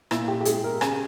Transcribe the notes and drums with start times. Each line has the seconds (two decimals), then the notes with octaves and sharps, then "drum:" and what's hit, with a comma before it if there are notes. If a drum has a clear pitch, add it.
0.11 A#2 E4, drum: rim click
0.28 G4
0.41 G4
0.45 G#3 G#4, drum: hi-hat
0.64 A#4
0.81 C#3 G#5, drum: rim click